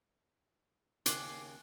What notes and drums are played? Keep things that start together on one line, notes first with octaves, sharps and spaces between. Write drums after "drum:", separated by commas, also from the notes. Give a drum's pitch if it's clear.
D#2 C#3 D6 F#6 C7, drum: hi-hat